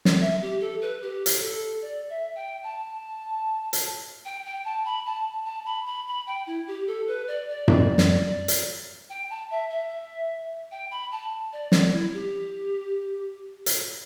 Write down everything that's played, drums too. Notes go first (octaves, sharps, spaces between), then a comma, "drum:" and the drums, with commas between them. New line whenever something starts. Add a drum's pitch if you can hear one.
drum: snare
E5
G4
A4
B4
G4
drum: hi-hat
A4
D5
E5
G5
A5
drum: hi-hat
G5
G5
A5
B5
A5
A5
B5
B5
B5
G5
E4
G4
A4
B4
D5
D5
drum: tom F#2
drum: snare
drum: hi-hat
G5
A5
E5
E5
G5
B5
A5
D5
D5, drum: snare
E4
G4
drum: hi-hat